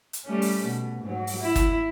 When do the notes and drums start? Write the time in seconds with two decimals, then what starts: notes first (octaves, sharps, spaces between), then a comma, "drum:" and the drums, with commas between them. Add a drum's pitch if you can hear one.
0.13 drum: hi-hat
0.25 G3 A3 C#4
0.42 drum: open hi-hat
0.65 B2
1.03 G#2 F#3
1.27 drum: open hi-hat
1.41 E4
1.56 drum: kick, hi-hat